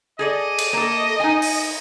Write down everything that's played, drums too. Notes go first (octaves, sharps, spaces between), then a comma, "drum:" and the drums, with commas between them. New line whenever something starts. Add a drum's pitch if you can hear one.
G#4 A4 D5 D#5
drum: cymbal
A#3 A4
D#4 G#5
drum: open hi-hat